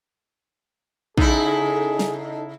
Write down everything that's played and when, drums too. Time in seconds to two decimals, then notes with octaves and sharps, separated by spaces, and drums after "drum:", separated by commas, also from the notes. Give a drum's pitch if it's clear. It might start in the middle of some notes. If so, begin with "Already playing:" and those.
1.18 C#3 D#4 E4 G#4 A4, drum: kick
1.99 drum: snare